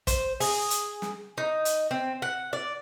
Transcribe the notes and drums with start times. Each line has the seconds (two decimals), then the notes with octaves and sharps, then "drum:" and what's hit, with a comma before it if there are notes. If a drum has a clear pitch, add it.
0.07 C5, drum: kick, hi-hat
0.40 G#4, drum: open hi-hat
0.70 drum: hi-hat
1.02 drum: snare
1.38 D#4
1.65 drum: hi-hat
1.91 C4
2.22 F#5
2.53 D5